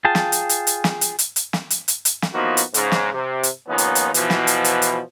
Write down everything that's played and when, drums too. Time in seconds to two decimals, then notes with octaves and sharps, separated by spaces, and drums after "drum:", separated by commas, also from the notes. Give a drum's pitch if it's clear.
0.05 F4 G#4 G5 A5
0.15 drum: snare
0.32 drum: hi-hat
0.49 drum: hi-hat
0.67 drum: hi-hat
0.84 drum: snare
1.01 drum: hi-hat
1.19 drum: hi-hat
1.36 drum: hi-hat
1.53 drum: snare
1.70 drum: hi-hat
1.88 drum: hi-hat
2.05 drum: hi-hat
2.22 drum: snare
2.34 F3 A#3 B3 D#4 E4 F#4
2.57 drum: hi-hat
2.74 G#2 C#3, drum: hi-hat
2.92 drum: snare
3.14 C3
3.43 drum: hi-hat
3.68 D#2 A#2 F3 B3 C#4 D#4
3.78 drum: hi-hat
3.95 drum: hi-hat
4.14 B2 E3 F3, drum: hi-hat
4.30 drum: snare
4.47 drum: hi-hat
4.64 drum: hi-hat
4.82 drum: hi-hat